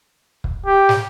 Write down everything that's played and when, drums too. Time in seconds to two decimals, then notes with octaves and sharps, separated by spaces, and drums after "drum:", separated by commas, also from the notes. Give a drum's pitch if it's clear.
0.44 drum: kick
0.66 G4
0.89 drum: snare